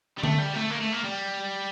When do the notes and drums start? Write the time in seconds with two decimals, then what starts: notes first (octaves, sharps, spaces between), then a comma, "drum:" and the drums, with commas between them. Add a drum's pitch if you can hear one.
0.18 G3
0.23 A3, drum: tom D3
0.38 G3
0.54 A3
0.70 A#3
0.80 A3
0.92 A#3
1.04 G3